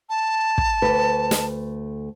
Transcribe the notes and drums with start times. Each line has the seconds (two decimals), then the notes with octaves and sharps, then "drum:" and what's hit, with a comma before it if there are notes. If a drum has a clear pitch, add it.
0.10 A5
0.58 drum: kick
0.82 D2 A3 B4
1.31 drum: snare